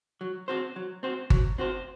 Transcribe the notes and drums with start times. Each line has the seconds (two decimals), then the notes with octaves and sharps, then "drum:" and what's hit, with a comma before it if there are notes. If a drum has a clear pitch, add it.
0.21 F#3
0.48 C4 F#4 C5
0.76 F#3
1.03 C4 F#4 C5
1.30 F#3, drum: kick G1
1.58 C4 F#4 C5